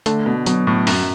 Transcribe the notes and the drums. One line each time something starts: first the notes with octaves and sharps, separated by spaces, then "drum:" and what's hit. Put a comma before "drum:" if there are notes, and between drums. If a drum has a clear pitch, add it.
D3 A3, drum: hi-hat
B2
B2 F#3, drum: hi-hat
A2
F#2, drum: open hi-hat